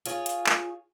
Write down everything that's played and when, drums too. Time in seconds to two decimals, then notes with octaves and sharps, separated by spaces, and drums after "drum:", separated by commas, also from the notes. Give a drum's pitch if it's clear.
0.06 F4 G#4 C#5, drum: hi-hat
0.26 drum: hi-hat
0.46 drum: clap